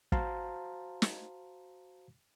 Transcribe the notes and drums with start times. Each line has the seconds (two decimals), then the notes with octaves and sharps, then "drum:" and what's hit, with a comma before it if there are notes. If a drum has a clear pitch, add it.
0.12 F#4 C5 F5 A5 A#5 C6, drum: kick
1.02 drum: snare